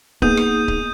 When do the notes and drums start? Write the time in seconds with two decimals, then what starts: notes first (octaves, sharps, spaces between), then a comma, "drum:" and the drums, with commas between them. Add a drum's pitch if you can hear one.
0.22 A#3 B3 D#4 G#4 D#6 G6 D#7, drum: kick C#1
0.37 drum: rim click
0.68 drum: kick C#1